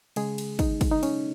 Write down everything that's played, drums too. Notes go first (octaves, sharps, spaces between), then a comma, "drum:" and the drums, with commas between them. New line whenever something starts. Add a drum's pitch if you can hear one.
C#3 G#3 G#4, drum: cymbal
drum: cymbal
D#4, drum: kick, cymbal
drum: kick, cymbal
D#4
C#4, drum: cymbal